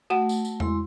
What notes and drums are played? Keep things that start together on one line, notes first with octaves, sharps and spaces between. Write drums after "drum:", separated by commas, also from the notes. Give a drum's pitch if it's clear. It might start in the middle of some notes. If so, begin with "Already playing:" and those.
A3 F#4 F#5
drum: tambourine
drum: tambourine
G#3 E4 C6, drum: tom E2